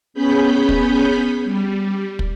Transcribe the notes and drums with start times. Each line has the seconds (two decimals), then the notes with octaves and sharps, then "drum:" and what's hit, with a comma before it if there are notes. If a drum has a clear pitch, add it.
0.14 B3 C#4 G#4 B5 G6 B6
0.69 drum: kick
1.44 G3
2.19 drum: kick